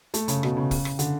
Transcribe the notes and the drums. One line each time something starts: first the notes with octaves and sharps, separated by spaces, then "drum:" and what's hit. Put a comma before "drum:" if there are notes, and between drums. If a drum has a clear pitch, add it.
A3, drum: hi-hat
C#3, drum: hi-hat
B2, drum: rim click
C#3
drum: kick, open hi-hat
drum: rim click
D3, drum: hi-hat